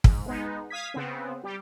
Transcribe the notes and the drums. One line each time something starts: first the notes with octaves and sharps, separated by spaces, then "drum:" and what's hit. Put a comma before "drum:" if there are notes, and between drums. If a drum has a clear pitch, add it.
G#2, drum: kick
G#3 B3 D#4
F5 D#6 G#6 B6
C#3 B3 C4
G3 G4